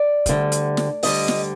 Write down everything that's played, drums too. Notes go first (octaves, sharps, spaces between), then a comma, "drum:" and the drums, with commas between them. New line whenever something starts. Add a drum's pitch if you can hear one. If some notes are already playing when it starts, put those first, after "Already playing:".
Already playing: D5
D2 D3 G3, drum: kick, hi-hat
drum: hi-hat
drum: snare
D2 D3 G3 D#5, drum: open hi-hat
drum: snare